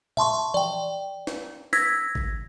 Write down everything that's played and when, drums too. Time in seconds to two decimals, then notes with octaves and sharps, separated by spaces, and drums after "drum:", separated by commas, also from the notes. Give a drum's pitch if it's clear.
0.17 E5 A5 C6 C#6, drum: tom A#2
0.54 D5 G5, drum: tom E3
1.27 drum: snare
1.73 E6 G#6 A#6 B6, drum: snare
2.15 drum: kick G#1